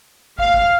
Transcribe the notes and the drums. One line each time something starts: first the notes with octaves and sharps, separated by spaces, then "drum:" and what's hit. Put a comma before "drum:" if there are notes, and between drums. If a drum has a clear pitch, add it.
F5, drum: kick
drum: kick